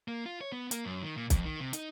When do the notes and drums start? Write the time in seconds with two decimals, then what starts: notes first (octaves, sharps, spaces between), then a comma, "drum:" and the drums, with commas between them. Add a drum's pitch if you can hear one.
0.08 A#3
0.26 F4
0.41 C#5
0.52 B3
0.71 A#3, drum: hi-hat
0.85 F#2
1.03 D#3
1.16 A#2
1.30 F2, drum: kick B1, hi-hat
1.45 D#3
1.60 C3
1.73 D#4, drum: hi-hat